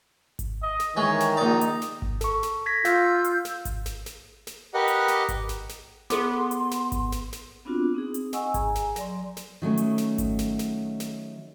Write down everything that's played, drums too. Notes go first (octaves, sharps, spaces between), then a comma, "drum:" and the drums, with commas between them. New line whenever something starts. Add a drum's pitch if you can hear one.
drum: kick G#1, hi-hat
D#5
drum: snare
D#3 E3 G#3 C#5
drum: snare
A#1 D#4 D5
drum: hi-hat
drum: snare
drum: kick G#1
A4 C#6, drum: snare
drum: snare
G#6 A#6 B6
F4 F5 E6 G6, drum: snare
drum: hi-hat
drum: snare
drum: kick G#1, hi-hat
drum: snare
drum: snare
drum: snare
G4 A#4 B4 D#5 F#5
drum: hi-hat
drum: snare
drum: kick G#1, hi-hat
drum: snare
drum: snare
B3 G#4 A4 C6 D6, drum: snare
drum: hi-hat
drum: snare
drum: kick G#1, hi-hat
drum: snare
drum: snare
B3 C4 D4 F4 F#4
C4 D#4 G#4
drum: hi-hat
D#5 F#5 G#5 C#6 E6, drum: snare
G#4 G#5 A#5, drum: kick G#1, hi-hat
drum: snare
F#3 D5 C6, drum: snare
drum: snare
D#3 F#3 A3 C#4
drum: hi-hat
drum: snare
drum: kick G#1, hi-hat
drum: snare
drum: snare
drum: snare